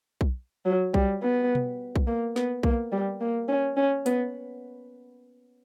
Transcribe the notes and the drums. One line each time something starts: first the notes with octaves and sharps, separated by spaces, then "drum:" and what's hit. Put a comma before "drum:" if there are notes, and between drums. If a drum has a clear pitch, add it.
drum: kick B1
F#3
G3, drum: kick B1
B3
drum: tom B2
drum: kick B1
A#3
B3, drum: snare
A#3, drum: kick B1
G3
A#3
C#4
C#4
B3, drum: hi-hat